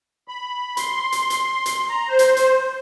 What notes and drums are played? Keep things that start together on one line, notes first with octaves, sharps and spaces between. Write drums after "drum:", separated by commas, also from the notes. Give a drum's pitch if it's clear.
B5
C6, drum: hi-hat
drum: hi-hat
drum: hi-hat
drum: hi-hat
A#5
C5
drum: hi-hat
drum: hi-hat